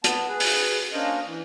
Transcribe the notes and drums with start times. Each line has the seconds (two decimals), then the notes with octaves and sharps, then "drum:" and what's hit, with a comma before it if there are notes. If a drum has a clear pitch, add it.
0.04 B3 A5, drum: hi-hat
0.28 G#4 B4
0.40 drum: open hi-hat
0.93 A#3 C#4 D4 A#4 C5 D#5
1.25 E3